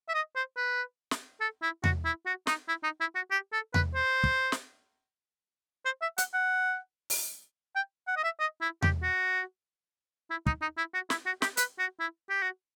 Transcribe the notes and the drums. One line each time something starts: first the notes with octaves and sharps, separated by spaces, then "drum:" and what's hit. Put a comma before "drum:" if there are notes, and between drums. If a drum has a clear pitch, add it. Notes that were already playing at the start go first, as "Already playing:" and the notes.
E5
D#5
C5
B4
drum: snare
A4
E4
F#4, drum: tom E2
E4
F#4
D#4, drum: snare
E4
D#4
E4
F#4
G4
A4
B4, drum: tom E2
C5
drum: kick
drum: snare
C5
E5
F#5, drum: hi-hat
F#5
drum: open hi-hat
G5
F#5
D#5
E5
D#5
E4
G4, drum: tom E2
F#4
E4
D#4, drum: kick
D#4
E4
F#4
E4, drum: snare
F#4
G4, drum: snare
B4, drum: hi-hat
F#4
E4
G4
F#4